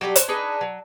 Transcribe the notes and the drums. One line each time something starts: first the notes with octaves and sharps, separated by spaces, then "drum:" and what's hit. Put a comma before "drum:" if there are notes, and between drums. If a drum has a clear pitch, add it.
F#3 G3 G4 A4
C5, drum: hi-hat
D4 D#4 G#4 B4
F#3